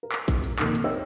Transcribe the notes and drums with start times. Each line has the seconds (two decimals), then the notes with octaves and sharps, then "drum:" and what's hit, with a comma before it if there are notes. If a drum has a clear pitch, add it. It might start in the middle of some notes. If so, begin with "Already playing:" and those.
0.03 A#4
0.12 drum: clap
0.28 drum: kick A1, hi-hat
0.44 drum: hi-hat
0.59 F2 A#2 D#3, drum: clap
0.75 drum: hi-hat
0.84 A#4 C5 C#5 D#5 G5 E6